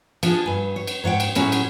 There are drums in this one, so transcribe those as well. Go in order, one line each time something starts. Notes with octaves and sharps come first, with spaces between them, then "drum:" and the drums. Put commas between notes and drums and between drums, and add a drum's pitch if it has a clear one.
F3 D4 G#4, drum: cymbal
G2 G#5
C#5
drum: cymbal
G#2 C#5 F#5 G5
drum: cymbal
A2 F#3 C#4 F#4 G#4, drum: cymbal
drum: cymbal